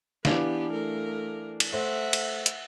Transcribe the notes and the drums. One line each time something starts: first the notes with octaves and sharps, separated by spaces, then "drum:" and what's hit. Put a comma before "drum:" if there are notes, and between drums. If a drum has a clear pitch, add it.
E3 B3 D4 G4 F5, drum: snare
A3 A#4
drum: cymbal
A3 C5 E5 F#5
drum: cymbal
drum: hi-hat